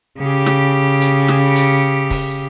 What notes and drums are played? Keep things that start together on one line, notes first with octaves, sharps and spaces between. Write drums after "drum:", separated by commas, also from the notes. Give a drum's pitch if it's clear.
C#3 G4
drum: snare
drum: hi-hat
drum: snare
drum: hi-hat
drum: kick, open hi-hat